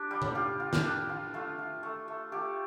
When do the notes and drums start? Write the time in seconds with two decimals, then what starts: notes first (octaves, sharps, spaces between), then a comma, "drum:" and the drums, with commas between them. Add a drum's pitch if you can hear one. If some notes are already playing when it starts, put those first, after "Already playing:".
Already playing: D4 G4
0.11 G3
0.22 drum: tom C#3
0.35 F4 G4
0.60 F4
0.73 drum: snare
0.84 D4
1.09 F4
1.34 A3 F4
1.59 F4
1.83 A3
2.08 A3
2.32 A3 G4